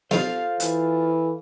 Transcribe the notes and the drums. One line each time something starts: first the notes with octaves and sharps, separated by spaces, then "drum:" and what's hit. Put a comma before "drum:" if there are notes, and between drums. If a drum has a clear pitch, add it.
F4 A4 C5 F5, drum: snare
E3, drum: hi-hat